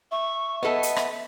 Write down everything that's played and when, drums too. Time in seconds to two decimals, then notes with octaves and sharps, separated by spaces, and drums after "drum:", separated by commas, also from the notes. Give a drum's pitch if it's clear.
0.12 E5 C#6
0.63 B3 A4 D#5 E5
0.83 drum: hi-hat
0.96 drum: rim click